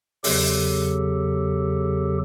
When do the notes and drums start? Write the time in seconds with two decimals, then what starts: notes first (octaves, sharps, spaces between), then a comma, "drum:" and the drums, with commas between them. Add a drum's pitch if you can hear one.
0.24 E2 C#3 F#3 G4 A4, drum: open hi-hat